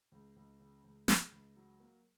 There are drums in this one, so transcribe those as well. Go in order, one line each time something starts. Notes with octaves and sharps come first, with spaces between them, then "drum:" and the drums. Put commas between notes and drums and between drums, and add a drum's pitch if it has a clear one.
C#2
C#2
C#3
C#2
C#2, drum: snare
C#2
F#3
A#3